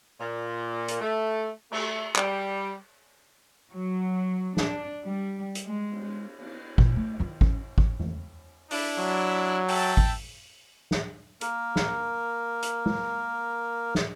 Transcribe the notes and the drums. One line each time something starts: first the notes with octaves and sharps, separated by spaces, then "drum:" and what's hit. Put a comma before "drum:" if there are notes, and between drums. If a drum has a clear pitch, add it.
A#2
drum: hi-hat
A3
A3, drum: cymbal
G3, drum: clap
F#3
D4, drum: snare
G3
drum: hi-hat
G#3
drum: cymbal
drum: cymbal
A#2, drum: kick G#1
A3
D#3 F4
C#4, drum: kick G#1
drum: kick G#1
drum: tom E2
D4 E4, drum: open hi-hat
F#3
E5 G5 A5, drum: open hi-hat
drum: kick G#1
drum: snare
A#3 A#4, drum: hi-hat
drum: snare
drum: hi-hat
drum: tom G#3
drum: snare